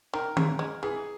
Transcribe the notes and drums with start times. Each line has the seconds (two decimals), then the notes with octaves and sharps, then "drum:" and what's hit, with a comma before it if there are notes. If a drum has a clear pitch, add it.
0.13 D#3 A#4
0.37 C#3, drum: tom D#3
0.59 G#3
0.83 E3 G#4